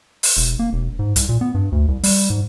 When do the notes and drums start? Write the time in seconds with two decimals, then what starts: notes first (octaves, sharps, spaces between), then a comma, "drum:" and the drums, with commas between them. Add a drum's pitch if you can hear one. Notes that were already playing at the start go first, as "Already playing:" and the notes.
0.23 drum: open hi-hat
0.37 E1
0.59 A#3
0.73 E1
0.99 G#2
1.16 C2, drum: hi-hat
1.29 A#2
1.41 B3
1.54 G2
1.72 D2
1.88 C2
2.04 G3, drum: open hi-hat
2.30 G#2